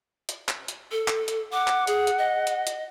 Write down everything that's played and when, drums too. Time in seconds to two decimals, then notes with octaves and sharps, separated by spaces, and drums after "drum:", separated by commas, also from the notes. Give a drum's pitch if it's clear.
0.29 drum: hi-hat
0.49 drum: clap
0.68 drum: hi-hat
0.92 A4
1.08 drum: clap
1.28 drum: hi-hat
1.52 F#5 D6
1.68 drum: clap
1.87 G#4, drum: hi-hat
2.07 drum: hi-hat
2.18 D#5
2.47 drum: hi-hat
2.67 drum: hi-hat